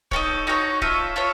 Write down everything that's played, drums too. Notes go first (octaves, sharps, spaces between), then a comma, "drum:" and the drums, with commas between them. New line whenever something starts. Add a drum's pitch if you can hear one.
D#4 F#4 A4 C#5, drum: kick D1
D#4 F#4 A4 C#5
F4 A4 C#5 E5, drum: kick D1
F4 A4 C#5